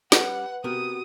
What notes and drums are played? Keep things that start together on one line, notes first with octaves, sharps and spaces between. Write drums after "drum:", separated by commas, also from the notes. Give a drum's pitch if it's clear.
G3 C#4 B4 F#5, drum: snare
C3 B3 F#4 A#4 D#6